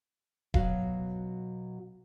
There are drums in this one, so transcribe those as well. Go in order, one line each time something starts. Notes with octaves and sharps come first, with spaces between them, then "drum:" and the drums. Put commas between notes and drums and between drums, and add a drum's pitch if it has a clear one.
B2 F#3 F#4 F5, drum: kick D#1